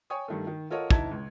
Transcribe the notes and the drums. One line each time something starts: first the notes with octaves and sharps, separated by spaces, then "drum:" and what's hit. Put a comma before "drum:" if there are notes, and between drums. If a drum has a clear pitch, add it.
C#5 G5 G#5 C#6 D#6
G2 D#3 A3
D#3
F4 A4 A#4 C#5 D#5 F#5
G1 D#4 E4 E5 A5 G#6, drum: kick
C#2